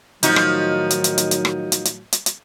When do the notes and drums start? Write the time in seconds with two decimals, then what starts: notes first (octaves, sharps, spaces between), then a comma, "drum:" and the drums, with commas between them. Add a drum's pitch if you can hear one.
0.23 A2 D#3 F3 F#3 D#4 F#4, drum: hi-hat
0.36 drum: rim click
0.90 drum: hi-hat
1.04 drum: hi-hat
1.18 drum: hi-hat
1.31 drum: hi-hat
1.45 drum: rim click
1.72 drum: hi-hat
1.85 drum: hi-hat
2.12 drum: hi-hat
2.26 drum: hi-hat